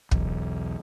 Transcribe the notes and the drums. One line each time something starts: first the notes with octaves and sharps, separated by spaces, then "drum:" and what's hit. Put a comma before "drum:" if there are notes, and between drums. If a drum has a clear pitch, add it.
B1 E2, drum: kick